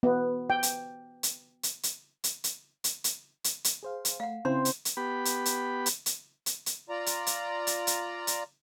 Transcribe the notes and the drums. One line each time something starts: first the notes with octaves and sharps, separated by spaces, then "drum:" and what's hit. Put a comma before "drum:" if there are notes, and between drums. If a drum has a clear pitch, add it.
B3
G5
drum: hi-hat
drum: hi-hat
drum: hi-hat
drum: hi-hat
drum: hi-hat
drum: hi-hat
drum: hi-hat
drum: hi-hat
drum: hi-hat
drum: hi-hat
G#4 C5 F5
drum: hi-hat
A3 F5 F#5
C#3 C4 C#4 E4 C5 C6
drum: hi-hat
drum: hi-hat
B3 G4 B5
drum: hi-hat
drum: hi-hat
drum: hi-hat
drum: hi-hat
drum: hi-hat
drum: hi-hat
F4 D5 A#5
drum: hi-hat
drum: hi-hat
drum: hi-hat
drum: hi-hat
drum: hi-hat